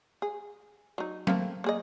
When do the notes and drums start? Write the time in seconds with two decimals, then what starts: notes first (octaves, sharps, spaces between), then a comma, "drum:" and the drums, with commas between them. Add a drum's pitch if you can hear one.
0.22 G#4
0.98 F#3 D#4
1.27 A3 A#3 C4, drum: tom F#3
1.64 A#3 G#4 D#5